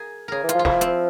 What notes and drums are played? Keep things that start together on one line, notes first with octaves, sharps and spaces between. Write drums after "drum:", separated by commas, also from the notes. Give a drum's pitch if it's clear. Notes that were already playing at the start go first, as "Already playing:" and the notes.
Already playing: G#4 A#4
C#3 G#4 A#4
E3
F4, drum: hi-hat
F3
F4
F3 E4, drum: snare
C4, drum: hi-hat